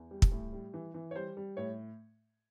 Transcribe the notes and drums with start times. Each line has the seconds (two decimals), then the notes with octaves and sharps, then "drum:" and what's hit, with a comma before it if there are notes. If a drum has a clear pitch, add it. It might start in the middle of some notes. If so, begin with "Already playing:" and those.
Already playing: E2
0.11 G3
0.22 drum: kick
0.31 A2
0.52 G3
0.74 E3
0.94 E3
1.11 C#5
1.16 G3 C5
1.37 G3
1.57 A2 C#5